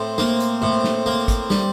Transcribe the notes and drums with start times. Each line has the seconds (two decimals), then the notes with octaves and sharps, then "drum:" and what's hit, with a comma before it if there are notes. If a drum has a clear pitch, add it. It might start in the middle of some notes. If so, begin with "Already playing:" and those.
Already playing: A2 C4 C5
0.18 A#3, drum: snare
0.40 drum: hi-hat
0.62 A2
0.84 drum: snare
1.06 A#3
1.28 drum: kick, hi-hat
1.50 G3, drum: snare